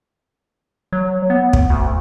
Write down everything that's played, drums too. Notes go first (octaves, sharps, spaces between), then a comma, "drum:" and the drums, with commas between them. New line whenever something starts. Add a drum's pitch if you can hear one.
F#3
B3
drum: kick
D2